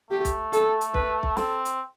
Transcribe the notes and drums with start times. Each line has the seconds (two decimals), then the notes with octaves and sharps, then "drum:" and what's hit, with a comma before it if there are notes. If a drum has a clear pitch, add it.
0.11 A3 G4
0.25 drum: kick B1, hi-hat
0.53 A4, drum: hi-hat
0.81 drum: hi-hat
0.94 B4, drum: kick B1
1.23 drum: kick B1
1.37 C4 A4, drum: snare
1.65 drum: hi-hat